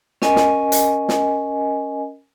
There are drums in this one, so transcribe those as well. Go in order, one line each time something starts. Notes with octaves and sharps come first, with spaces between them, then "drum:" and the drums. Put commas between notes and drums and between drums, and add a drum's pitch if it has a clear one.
C#4 A#4 D#5 G#5, drum: snare
drum: snare
drum: hi-hat
drum: snare